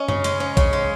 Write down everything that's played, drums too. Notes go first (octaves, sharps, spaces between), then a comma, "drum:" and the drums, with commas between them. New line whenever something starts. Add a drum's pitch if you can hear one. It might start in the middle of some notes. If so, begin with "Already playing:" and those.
Already playing: C#4 D#5
C#3, drum: tom F#2
G#3, drum: hi-hat
C#4
C#3, drum: kick, hi-hat
G#3